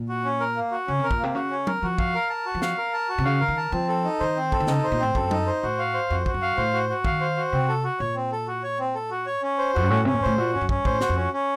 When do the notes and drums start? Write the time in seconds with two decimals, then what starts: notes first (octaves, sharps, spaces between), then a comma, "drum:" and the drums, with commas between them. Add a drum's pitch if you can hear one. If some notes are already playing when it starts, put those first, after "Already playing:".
Already playing: A#2
0.09 F#4
0.24 C#4
0.40 A#4
0.56 A#3
0.71 F#4
0.87 C#3 C#4
0.99 C3 A#4
1.11 A#2, drum: kick
1.20 C3 A#3
1.35 C#3 F#4
1.51 C#4
1.67 A#4, drum: tom
1.82 F3 F#4
1.98 F5, drum: kick
2.15 A#4
2.30 A5
2.46 F#4
2.55 F3
2.62 F5, drum: snare
2.78 A#4
2.93 A5
3.09 F#4
3.18 C3
3.25 C#3 F5
3.41 A#4
3.48 D#3
3.57 A5
3.72 F3 C4
3.89 A4
4.04 D#4
4.20 D#3 C5
4.36 C4
4.52 A4, drum: kick
4.60 D#3
4.67 C#3 D#4, drum: snare
4.79 C3
4.83 C5
4.92 A#2
5.00 A2 C4
5.15 F#2 A4, drum: kick
5.31 D#4, drum: tom
5.47 C5
5.63 A2 F#4
5.79 F5
5.94 C5
6.10 F2 F#4
6.26 F#4, drum: kick
6.34 F#2
6.42 F5
6.57 A2 C5
6.74 F#4
6.89 F#4
7.05 D#3 F5, drum: kick
7.21 C5
7.37 F#4
7.52 C3 C4
7.68 A4
7.84 F#4
8.00 A#2 C#5
8.15 C4
8.32 A4
8.48 F#4
8.63 C#5
8.79 C4
8.95 A4
9.11 F#4
9.26 C#5
9.42 C#4
9.58 C5
9.74 F2 F#4
9.83 F#2
9.90 A2 C#4
10.05 C3 C#4
10.14 A#2
10.22 A2 C5
10.38 A#2 F#4
10.53 C#4
10.61 F#2
10.69 C#4, drum: kick
10.85 A2 C5, drum: kick
11.01 F#4, drum: snare
11.09 F2
11.17 C#4
11.33 C#4